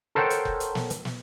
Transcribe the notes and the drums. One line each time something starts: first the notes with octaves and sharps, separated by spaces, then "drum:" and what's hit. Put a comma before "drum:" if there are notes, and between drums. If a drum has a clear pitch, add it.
A4 A#4 C5 C#5 F#5 G5
drum: hi-hat
drum: kick F1
drum: hi-hat
drum: snare
drum: hi-hat
drum: snare